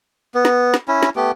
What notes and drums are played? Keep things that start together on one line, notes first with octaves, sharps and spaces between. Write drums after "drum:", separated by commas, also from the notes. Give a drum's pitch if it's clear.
B3
drum: snare
drum: snare
C#4 E4
drum: snare
A3 B3 G4